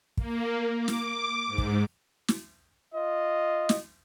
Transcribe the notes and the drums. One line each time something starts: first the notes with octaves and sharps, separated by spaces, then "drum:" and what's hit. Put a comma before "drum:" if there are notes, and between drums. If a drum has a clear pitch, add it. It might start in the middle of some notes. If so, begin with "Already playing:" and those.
A#3, drum: kick
D6
drum: snare
G#2
drum: kick
drum: snare
F4 D#5
drum: snare